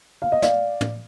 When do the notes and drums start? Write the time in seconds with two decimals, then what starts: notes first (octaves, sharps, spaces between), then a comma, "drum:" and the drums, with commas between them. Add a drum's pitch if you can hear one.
0.22 F5
0.32 D#5
0.42 D5 F5, drum: snare
0.81 drum: tom